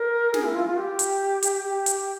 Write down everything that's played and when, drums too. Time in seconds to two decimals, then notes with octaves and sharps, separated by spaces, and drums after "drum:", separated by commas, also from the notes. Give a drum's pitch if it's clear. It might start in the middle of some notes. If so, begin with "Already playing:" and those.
Already playing: A#4
0.34 G#4, drum: snare
0.44 E4
0.55 F4
0.66 F4
0.77 G4
0.99 drum: hi-hat
1.43 drum: hi-hat
1.64 G4
1.86 drum: hi-hat